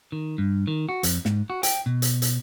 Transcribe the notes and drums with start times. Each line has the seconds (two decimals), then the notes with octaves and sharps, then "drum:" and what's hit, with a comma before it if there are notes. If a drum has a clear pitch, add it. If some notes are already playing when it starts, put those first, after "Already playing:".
0.12 D#3
0.38 G2
0.67 D#3
0.89 F#4
1.03 F2, drum: hi-hat
1.25 G#2, drum: snare
1.50 F#4
1.63 G5, drum: hi-hat
1.86 B2
2.02 drum: hi-hat
2.22 drum: hi-hat